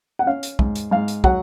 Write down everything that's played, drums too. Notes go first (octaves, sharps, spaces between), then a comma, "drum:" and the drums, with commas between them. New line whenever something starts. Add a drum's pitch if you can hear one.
F#5
C#4 F5
drum: hi-hat
G#2, drum: kick
drum: hi-hat
G#2 F5
drum: hi-hat
F#3 F#5, drum: kick